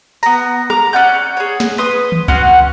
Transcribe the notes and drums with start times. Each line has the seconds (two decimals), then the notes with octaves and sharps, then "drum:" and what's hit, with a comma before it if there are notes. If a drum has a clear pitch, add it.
0.23 B3 A#5, drum: tambourine
0.70 A#5 D6, drum: rim click
0.93 C#4 D5 F#5 G6
1.37 G#4 C#5
1.60 drum: snare
1.78 B4 C6 D#6
2.12 drum: tom D#3
2.28 C#4 F#4 F#5 C6, drum: kick C#2